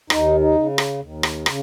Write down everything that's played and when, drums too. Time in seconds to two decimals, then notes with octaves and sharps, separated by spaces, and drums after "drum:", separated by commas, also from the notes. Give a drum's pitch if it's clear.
0.10 D#2 D#4, drum: rim click
0.40 D#4
0.55 C#3
0.78 drum: rim click
1.00 D#2
1.23 drum: rim click
1.46 C#3, drum: rim click